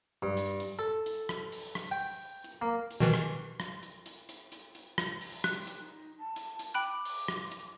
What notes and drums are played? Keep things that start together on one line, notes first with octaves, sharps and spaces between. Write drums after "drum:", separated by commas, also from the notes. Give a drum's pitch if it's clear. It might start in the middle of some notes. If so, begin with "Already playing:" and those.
G2
drum: hi-hat
drum: hi-hat
A4
drum: hi-hat
drum: rim click
drum: open hi-hat
drum: rim click
G5
drum: hi-hat
A#3
drum: hi-hat
B2 D#3 E3
drum: rim click
drum: rim click
drum: hi-hat
drum: hi-hat
drum: hi-hat
drum: hi-hat
drum: hi-hat
drum: rim click
drum: open hi-hat
G4 F#6, drum: rim click
drum: hi-hat
D#4
A5
drum: hi-hat
drum: hi-hat
G5 B5 D6 F#6
drum: open hi-hat
drum: rim click
drum: hi-hat